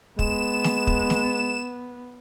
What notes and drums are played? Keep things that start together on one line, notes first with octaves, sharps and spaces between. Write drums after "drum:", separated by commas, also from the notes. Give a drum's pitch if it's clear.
G#3 B3 E7, drum: kick
drum: snare
drum: kick
drum: snare